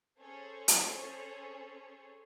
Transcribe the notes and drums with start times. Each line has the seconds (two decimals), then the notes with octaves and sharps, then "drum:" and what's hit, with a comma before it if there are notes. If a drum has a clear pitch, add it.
0.20 C#4 G#4 A4 C5 C#5
0.68 drum: hi-hat